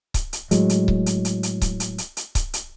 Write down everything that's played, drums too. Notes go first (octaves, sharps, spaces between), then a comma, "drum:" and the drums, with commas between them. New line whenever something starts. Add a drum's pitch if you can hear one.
drum: kick C#1, hi-hat
drum: hi-hat
A2 F#3 G#3, drum: hi-hat
drum: hi-hat
drum: kick C#1
drum: hi-hat
drum: hi-hat
drum: hi-hat
drum: kick C#1, hi-hat
drum: hi-hat
drum: hi-hat
drum: hi-hat
drum: kick C#1, hi-hat
drum: hi-hat